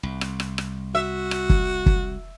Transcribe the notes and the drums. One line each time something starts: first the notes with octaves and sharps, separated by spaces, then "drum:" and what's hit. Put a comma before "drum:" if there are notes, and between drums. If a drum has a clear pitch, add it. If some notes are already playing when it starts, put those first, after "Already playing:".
C2
drum: rim click
drum: rim click
drum: rim click
F#4 E5
drum: rim click
drum: kick
drum: kick